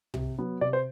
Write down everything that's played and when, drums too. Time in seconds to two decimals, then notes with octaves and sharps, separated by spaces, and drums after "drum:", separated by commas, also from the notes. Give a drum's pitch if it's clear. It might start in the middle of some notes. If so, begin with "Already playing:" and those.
0.14 C3, drum: tom
0.38 F#3 B3
0.61 C3 D5
0.73 C5